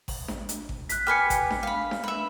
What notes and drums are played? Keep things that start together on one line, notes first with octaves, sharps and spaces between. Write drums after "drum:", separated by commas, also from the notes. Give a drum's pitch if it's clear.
drum: kick G#1, open hi-hat
drum: snare D4
drum: hi-hat
drum: kick G#1
F#6 B6, drum: hi-hat
G4 B4 G#5 F6 B6 C#7
drum: kick G#1, hi-hat
drum: snare D4
F5 B5
drum: snare D4
B4 E5